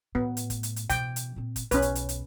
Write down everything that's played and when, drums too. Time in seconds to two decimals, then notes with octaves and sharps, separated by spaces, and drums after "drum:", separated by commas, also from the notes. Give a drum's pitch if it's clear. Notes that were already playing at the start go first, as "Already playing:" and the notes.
0.15 A2 B3
0.37 drum: hi-hat
0.50 drum: kick, hi-hat
0.63 drum: hi-hat
0.76 drum: hi-hat
0.90 B2 E3 G5, drum: hi-hat
1.16 drum: hi-hat
1.36 A#2 C4
1.56 drum: kick, hi-hat
1.71 B1 E2 C#4 B4, drum: hi-hat
1.82 drum: hi-hat
1.95 drum: hi-hat
2.09 drum: hi-hat